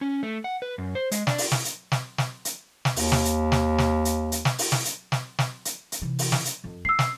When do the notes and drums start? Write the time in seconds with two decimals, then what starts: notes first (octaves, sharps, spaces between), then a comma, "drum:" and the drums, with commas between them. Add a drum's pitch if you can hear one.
0.01 C#4
0.23 A3
0.44 F#5
0.62 B4
0.78 F#2
0.95 C5
1.11 G#3, drum: hi-hat
1.27 D4, drum: snare
1.38 drum: open hi-hat
1.52 drum: snare
1.65 drum: hi-hat
1.92 drum: snare
2.18 drum: snare
2.45 drum: hi-hat
2.85 drum: snare
2.96 D#2, drum: open hi-hat
3.12 drum: snare
3.25 drum: hi-hat
3.52 drum: snare
3.78 drum: snare
4.05 drum: hi-hat
4.32 drum: hi-hat
4.45 drum: snare
4.58 drum: open hi-hat
4.72 drum: snare
4.85 drum: hi-hat
5.12 drum: snare
5.39 drum: snare
5.65 drum: hi-hat
5.92 drum: hi-hat
6.02 C3 E3
6.19 drum: open hi-hat
6.32 drum: snare
6.45 drum: hi-hat
6.64 F2
6.85 C#4 E6 C7
6.99 drum: snare